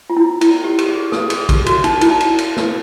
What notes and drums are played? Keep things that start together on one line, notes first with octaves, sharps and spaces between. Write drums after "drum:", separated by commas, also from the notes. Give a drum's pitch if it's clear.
F4
E4
E4, drum: cymbal
G4
G4, drum: cymbal
G#4
A4, drum: snare
G#4, drum: cymbal
G4, drum: kick, cymbal
F#4, drum: cymbal
D#4, drum: cymbal
E4, drum: cymbal
D#4
drum: cymbal
drum: cymbal
drum: snare